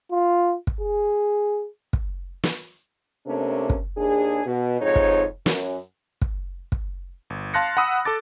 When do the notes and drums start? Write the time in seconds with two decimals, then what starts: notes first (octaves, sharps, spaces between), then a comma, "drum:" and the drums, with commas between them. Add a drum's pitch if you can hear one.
0.11 F4
0.67 drum: kick
0.80 G#4
1.93 drum: kick
2.44 drum: snare
3.27 C3 A3 A#3 C#4 D4
3.70 drum: kick
3.97 D#2 D4 G#4
4.46 B2
4.80 F2 G#2 D#4 C#5
4.96 drum: kick
5.46 F#2, drum: snare
6.21 drum: kick
6.72 drum: kick
7.30 G1
7.54 F5 A5 C6 F#6 A#6 C#7
7.77 F#5 B5 D#6 E6
8.05 A4 A5 D6 A6